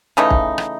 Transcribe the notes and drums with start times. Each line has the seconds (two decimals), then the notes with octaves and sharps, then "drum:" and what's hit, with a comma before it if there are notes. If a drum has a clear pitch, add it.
0.17 C#3 E3 A3 D#4
0.30 drum: kick
0.58 drum: rim click